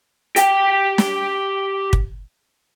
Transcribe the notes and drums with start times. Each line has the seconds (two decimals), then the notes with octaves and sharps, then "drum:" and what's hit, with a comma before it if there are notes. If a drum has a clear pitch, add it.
0.36 G4 G5, drum: hi-hat
0.98 drum: snare
1.93 drum: kick